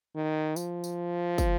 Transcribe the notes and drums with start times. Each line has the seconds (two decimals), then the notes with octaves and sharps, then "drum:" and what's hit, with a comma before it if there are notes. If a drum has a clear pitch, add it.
0.16 D#3
0.56 F3, drum: tambourine
0.84 drum: tambourine
1.38 drum: kick, tambourine